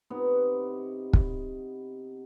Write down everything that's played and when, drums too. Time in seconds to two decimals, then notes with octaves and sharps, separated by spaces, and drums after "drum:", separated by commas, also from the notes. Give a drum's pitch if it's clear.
0.10 C3 B3 D#4
1.13 drum: kick